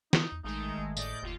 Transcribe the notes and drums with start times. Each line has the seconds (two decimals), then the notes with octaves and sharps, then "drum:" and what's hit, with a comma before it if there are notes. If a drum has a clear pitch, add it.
0.13 D#4, drum: snare
0.32 E2
0.44 A1 D#3 G#3 A3 D#4
0.78 G#1
0.97 A2 D5 D#5 G6, drum: tambourine
1.22 F#1 D#2 F4